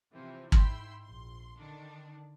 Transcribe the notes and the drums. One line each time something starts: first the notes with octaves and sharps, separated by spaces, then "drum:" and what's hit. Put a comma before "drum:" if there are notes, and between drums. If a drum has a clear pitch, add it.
C3 E3 F3 C4
G#2 E4 G5 B5 C6 E6, drum: kick
A#1 C6
D3 D#3 D4